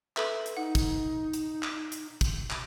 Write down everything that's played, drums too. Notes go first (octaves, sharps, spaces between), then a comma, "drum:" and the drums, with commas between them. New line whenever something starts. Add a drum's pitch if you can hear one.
A4 B4 E5, drum: clap
drum: hi-hat
D#4 F#5
drum: kick, hi-hat
drum: hi-hat
drum: clap
drum: hi-hat
drum: kick, hi-hat
drum: clap